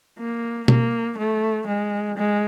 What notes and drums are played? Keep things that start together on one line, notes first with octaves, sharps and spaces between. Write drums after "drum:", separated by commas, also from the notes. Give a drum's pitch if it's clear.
A#3
A#3, drum: tom B2
A3
G#3
G#3